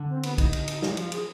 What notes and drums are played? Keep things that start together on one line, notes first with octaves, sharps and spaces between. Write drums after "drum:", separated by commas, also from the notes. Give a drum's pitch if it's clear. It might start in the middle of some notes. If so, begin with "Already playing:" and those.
Already playing: D3
C4
B3, drum: cymbal
D#4, drum: kick, cymbal
drum: cymbal
drum: cymbal
drum: snare
F3 F4, drum: cymbal
G#4, drum: cymbal